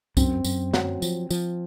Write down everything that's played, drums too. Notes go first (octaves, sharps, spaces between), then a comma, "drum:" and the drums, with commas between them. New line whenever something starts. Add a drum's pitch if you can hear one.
F#2 C4, drum: kick C2, tambourine
F#2, drum: tambourine
F#3, drum: snare
F3, drum: tambourine
F3, drum: tambourine